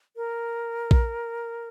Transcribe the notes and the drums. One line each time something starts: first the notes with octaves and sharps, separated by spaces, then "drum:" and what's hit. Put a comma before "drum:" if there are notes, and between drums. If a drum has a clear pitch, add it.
A#4
drum: kick A#1